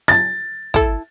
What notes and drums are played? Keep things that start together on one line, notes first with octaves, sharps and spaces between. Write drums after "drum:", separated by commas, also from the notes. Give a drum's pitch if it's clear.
A6
E4 A4, drum: kick